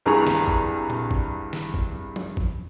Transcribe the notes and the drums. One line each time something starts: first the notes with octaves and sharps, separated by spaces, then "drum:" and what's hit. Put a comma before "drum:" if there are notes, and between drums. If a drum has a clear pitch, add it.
C2 G2 G#4 G#5 A#5 C#6
drum: snare
drum: kick G#1
drum: tom A#2
drum: kick G#1
drum: snare
drum: kick G#1
drum: tom F3
drum: kick G#1